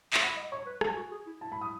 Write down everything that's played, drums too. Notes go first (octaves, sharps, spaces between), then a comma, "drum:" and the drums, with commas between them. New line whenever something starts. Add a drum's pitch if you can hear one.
E5, drum: clap
F#5 B5
D#5
C#5 C#6
B4
A4 G#5, drum: rim click
F#4
G#4
E4
E4 A5
B5
D#6